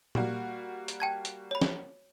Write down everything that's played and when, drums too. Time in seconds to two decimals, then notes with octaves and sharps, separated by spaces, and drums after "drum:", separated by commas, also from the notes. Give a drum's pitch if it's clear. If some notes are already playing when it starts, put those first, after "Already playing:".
0.15 G3 A#3 F#4, drum: tom A#2
0.88 drum: hi-hat
1.00 G5 A5 G#6
1.25 drum: hi-hat
1.51 C#5 B5
1.62 drum: snare